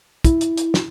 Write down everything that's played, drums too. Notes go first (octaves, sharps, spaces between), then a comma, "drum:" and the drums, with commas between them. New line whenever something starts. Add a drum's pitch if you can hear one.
E4, drum: kick, hi-hat
drum: hi-hat
drum: hi-hat
drum: snare